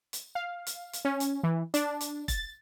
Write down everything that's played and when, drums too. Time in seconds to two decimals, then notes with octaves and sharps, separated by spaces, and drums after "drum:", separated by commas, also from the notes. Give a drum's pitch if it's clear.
0.13 drum: hi-hat
0.35 F5
0.67 drum: hi-hat
0.93 drum: hi-hat
1.05 C#4
1.20 drum: hi-hat
1.43 E3
1.74 D4, drum: hi-hat
2.01 drum: hi-hat
2.28 A6, drum: kick F1, hi-hat